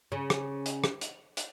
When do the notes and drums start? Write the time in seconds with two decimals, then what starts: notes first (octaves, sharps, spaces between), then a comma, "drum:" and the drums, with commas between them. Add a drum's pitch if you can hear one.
0.12 C#3
0.30 drum: rim click
0.66 drum: hi-hat
0.84 drum: rim click
1.01 drum: hi-hat
1.37 drum: hi-hat